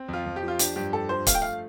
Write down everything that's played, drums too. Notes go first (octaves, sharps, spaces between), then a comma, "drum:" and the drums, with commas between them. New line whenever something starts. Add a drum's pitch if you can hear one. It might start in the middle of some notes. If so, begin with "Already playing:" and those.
Already playing: C4
F2 F4
F2
G4
F3
F4
D4 G4, drum: hi-hat
G2 G4
G4 A4
F3 C5
A3 F5, drum: kick, hi-hat
G5
F5